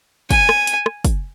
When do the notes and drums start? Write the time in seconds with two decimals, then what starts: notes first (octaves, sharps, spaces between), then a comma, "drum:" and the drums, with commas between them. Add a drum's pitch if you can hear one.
0.31 G#5, drum: kick, hi-hat
0.49 drum: rim click
0.67 drum: hi-hat
0.86 drum: rim click
1.05 drum: kick, hi-hat